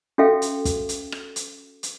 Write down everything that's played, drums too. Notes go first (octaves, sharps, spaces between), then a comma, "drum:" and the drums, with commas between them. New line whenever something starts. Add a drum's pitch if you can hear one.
C#4 F#4 A4 E5 F5 G5
drum: hi-hat
drum: kick, hi-hat
drum: hi-hat
drum: rim click
drum: hi-hat
drum: hi-hat